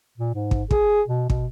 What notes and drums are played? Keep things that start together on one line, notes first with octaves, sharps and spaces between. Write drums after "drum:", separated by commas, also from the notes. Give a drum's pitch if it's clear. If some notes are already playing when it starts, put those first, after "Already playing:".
A#2
G#2
drum: kick
G#4, drum: kick
B2
B2, drum: kick